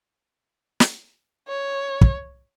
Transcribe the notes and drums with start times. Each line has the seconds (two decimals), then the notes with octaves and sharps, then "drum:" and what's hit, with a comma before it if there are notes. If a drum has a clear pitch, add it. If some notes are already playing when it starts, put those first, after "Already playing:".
0.80 drum: snare
1.48 C#5
2.01 drum: kick